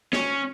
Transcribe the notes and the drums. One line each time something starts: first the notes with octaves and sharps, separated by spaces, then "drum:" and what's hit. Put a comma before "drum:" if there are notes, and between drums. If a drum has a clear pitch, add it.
C#4, drum: snare